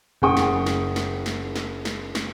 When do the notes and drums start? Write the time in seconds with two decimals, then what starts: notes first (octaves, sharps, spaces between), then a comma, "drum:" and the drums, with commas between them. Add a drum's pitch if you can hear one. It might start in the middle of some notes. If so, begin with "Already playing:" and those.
0.22 F#1 C#3 F#5 G5 C#6 D#6
0.37 drum: snare
0.66 drum: snare
0.96 drum: snare
1.26 drum: snare
1.56 drum: snare
1.85 drum: snare
2.15 drum: snare